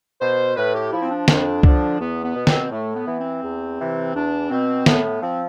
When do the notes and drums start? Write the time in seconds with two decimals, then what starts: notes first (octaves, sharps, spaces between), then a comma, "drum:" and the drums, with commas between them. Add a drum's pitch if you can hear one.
0.20 B2 C5
0.56 A2 B4
0.74 G4
0.92 F3 E4
1.01 C4
1.10 D4
1.28 F2, drum: snare
1.63 D3 F3, drum: kick C2
2.00 E2 B3
2.23 B3
2.35 B2
2.47 C4, drum: snare
2.71 A2 A3
2.95 B3
3.07 E3
3.19 C4
3.43 E2
3.79 C3 E3
4.14 E2 D4
4.50 B2 C4
4.86 A2 B3, drum: snare
5.04 B3
5.22 F3 C4